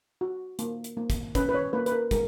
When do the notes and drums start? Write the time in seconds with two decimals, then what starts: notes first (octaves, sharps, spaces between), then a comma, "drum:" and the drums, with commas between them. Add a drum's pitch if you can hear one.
0.21 F#4
0.59 A#3, drum: hi-hat
0.84 drum: hi-hat
0.97 A#3
1.10 drum: kick, hi-hat
1.35 C#4 B4, drum: kick, hi-hat
1.49 B4
1.54 C#5
1.73 A#3 B4
1.86 B4, drum: hi-hat
1.92 A#4
2.11 G#3 A#4, drum: kick, hi-hat